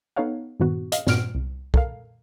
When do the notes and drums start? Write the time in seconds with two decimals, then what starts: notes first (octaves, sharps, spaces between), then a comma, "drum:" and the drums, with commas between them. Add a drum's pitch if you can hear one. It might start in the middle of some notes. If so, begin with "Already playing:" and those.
0.16 B3 D#4 A4 C#5 F5 F#5
0.60 G2 A#2 D#3 B3 F#4
0.92 D#5 F5, drum: hi-hat
1.07 G2 A#2 F6 D7, drum: snare
1.35 C2
1.74 A4 A#4 F5, drum: kick